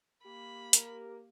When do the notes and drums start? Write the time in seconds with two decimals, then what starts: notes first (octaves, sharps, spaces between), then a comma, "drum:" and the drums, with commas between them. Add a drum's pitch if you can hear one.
0.24 A#3 G4 B5
0.73 A#4, drum: hi-hat